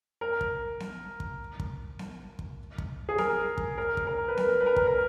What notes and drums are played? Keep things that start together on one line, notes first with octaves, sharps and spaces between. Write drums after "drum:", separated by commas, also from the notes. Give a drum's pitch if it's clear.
A#4
drum: kick
drum: snare B3
drum: kick
drum: kick
drum: snare B3
drum: kick
drum: kick
G#4
A#4, drum: snare B3
drum: kick
A#4
drum: kick
A#4
B4
A#4, drum: snare B3
B4
A#4
drum: kick
A#4